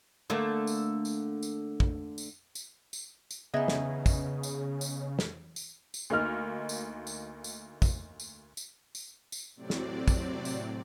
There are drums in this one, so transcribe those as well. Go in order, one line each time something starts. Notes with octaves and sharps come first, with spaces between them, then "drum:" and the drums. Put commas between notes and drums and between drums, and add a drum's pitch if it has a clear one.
D3 A3 A#3
drum: tambourine
drum: tambourine
drum: tambourine
drum: kick
drum: tambourine
drum: tambourine
drum: tambourine
drum: tambourine
C#3 B3 D#4 E4 G#4 D#5
drum: snare
drum: kick, tambourine
drum: tambourine
drum: tambourine
drum: snare
drum: tambourine
drum: tambourine
D2 A#3 D#4 F6
drum: tambourine
drum: tambourine
drum: tambourine
drum: kick, tambourine
drum: tambourine
drum: tambourine
drum: tambourine
drum: tambourine
A2 C3 F#3 C4 D5
drum: snare
drum: kick, tambourine
drum: tambourine